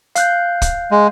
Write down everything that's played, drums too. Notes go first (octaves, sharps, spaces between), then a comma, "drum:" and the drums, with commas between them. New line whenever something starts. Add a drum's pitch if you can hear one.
F5 F#6 G6, drum: hi-hat
drum: kick, hi-hat
G#3